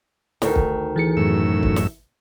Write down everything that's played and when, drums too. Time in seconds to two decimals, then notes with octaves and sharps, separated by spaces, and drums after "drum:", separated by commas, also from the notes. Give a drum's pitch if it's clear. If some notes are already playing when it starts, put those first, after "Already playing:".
0.42 D2 D#3, drum: snare
0.56 drum: kick
0.96 E3 G#4 C#7
1.17 F#2 A2 E6
1.63 drum: kick
1.76 drum: snare